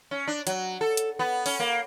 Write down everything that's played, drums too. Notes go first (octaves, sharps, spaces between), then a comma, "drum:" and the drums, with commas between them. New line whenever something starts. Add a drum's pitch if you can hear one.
C#4
D4
F#3, drum: hi-hat
A4
drum: hi-hat
B3
C#4, drum: open hi-hat
A#3